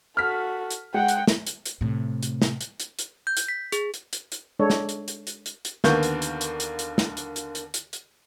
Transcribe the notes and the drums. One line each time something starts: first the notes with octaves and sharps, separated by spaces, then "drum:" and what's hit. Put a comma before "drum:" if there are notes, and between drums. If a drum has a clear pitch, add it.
F#4 A4 F6 B6
drum: hi-hat
G#3 F#5 G5
drum: hi-hat
drum: snare
drum: hi-hat
drum: hi-hat
A2 C3
drum: hi-hat
drum: snare
drum: hi-hat
drum: hi-hat
drum: hi-hat
G6
drum: hi-hat
B6
G#4, drum: hi-hat
drum: hi-hat
drum: hi-hat
drum: hi-hat
G#3 D4 A4 C#5
drum: snare
drum: hi-hat
drum: hi-hat
drum: hi-hat
drum: hi-hat
drum: hi-hat
D#2 D3 A#3 B3 C#6 G6, drum: snare
drum: hi-hat
drum: hi-hat
drum: hi-hat
drum: hi-hat
drum: hi-hat
drum: snare
drum: hi-hat
drum: hi-hat
drum: hi-hat
drum: hi-hat
drum: hi-hat